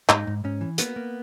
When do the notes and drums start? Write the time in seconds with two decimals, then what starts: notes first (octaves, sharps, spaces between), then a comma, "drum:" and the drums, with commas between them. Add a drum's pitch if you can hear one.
0.09 G#2 D#4, drum: clap
0.27 G#2
0.44 G#2 C#4
0.61 E3
0.78 A#3 B3, drum: hi-hat
0.96 A#3